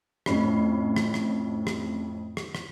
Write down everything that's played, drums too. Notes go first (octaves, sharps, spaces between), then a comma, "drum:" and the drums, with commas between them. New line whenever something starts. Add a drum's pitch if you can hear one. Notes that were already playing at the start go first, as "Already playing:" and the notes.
F2 A2 C#4 B5 C7, drum: rim click
drum: rim click
drum: rim click
drum: rim click
drum: rim click
drum: rim click